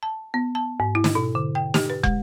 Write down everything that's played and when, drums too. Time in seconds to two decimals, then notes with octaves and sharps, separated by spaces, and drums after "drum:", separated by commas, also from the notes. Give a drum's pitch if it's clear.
0.03 A5
0.34 B3
0.55 A5
0.80 G#2
0.95 E4
1.04 drum: snare
1.15 B2
1.35 D3
1.55 G5
1.74 G4, drum: snare
1.90 B4
2.04 G#3, drum: kick